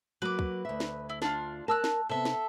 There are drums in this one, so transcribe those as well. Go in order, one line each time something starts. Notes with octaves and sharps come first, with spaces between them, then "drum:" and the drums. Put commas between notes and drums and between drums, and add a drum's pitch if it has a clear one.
F#3 A#3 F#4 B4 D6
drum: kick
D2 E5
drum: snare
E4
D4 F4, drum: snare
A#4 A5 E6 F#6
drum: snare
C3 B3 A4 E5
drum: snare